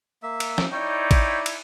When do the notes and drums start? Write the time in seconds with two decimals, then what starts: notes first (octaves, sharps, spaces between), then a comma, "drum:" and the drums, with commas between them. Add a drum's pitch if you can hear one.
0.23 A#3 E5
0.40 drum: cymbal
0.58 drum: snare
0.72 D#4 E4 C#5 D5 G5
1.11 drum: kick, cymbal
1.46 drum: cymbal